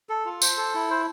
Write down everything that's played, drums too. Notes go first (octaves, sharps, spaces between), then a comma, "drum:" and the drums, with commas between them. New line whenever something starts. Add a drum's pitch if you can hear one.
A4
F4
C5, drum: tambourine
A4
E4
C5